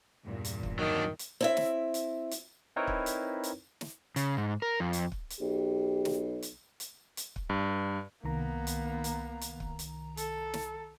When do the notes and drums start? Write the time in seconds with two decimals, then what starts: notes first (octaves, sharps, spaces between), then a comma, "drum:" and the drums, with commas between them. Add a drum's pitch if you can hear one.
0.25 E2 G2 A#2
0.45 drum: hi-hat
0.63 drum: kick
0.79 D#3 F#3 D4
1.19 drum: hi-hat
1.41 C4 E4 E5
1.57 drum: snare
1.94 drum: hi-hat
2.31 drum: hi-hat
2.76 C4 D#4 E4 A#4 B4 C#5
2.87 drum: kick
3.06 drum: hi-hat
3.43 drum: hi-hat
3.81 drum: snare
4.16 C#3, drum: hi-hat
4.37 G#2
4.62 A#4
4.80 F2
4.93 drum: hi-hat
5.12 drum: kick
5.30 drum: hi-hat
5.41 B1 G4
6.05 drum: snare
6.42 drum: hi-hat
6.80 drum: hi-hat
7.17 drum: hi-hat
7.36 drum: kick
7.50 G2
8.24 C2 D#3 A#3 B3 A#5
8.67 drum: hi-hat
9.04 drum: hi-hat
9.41 drum: hi-hat
9.60 drum: kick
9.79 drum: hi-hat
10.17 A4, drum: hi-hat
10.54 drum: snare